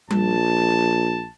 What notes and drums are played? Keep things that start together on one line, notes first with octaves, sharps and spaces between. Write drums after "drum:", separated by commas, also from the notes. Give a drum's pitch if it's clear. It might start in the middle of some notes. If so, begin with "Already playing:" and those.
A#1 A5, drum: tom G3